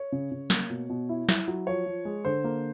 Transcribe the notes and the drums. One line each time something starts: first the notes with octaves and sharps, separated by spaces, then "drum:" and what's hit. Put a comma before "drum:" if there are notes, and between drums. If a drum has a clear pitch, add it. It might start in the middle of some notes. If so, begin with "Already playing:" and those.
Already playing: C#5
C#3
C#3
A#3, drum: snare
B2
B2
E4
E4, drum: snare
F#3
F3 C#5
F3
G#3
D3 C5
A#3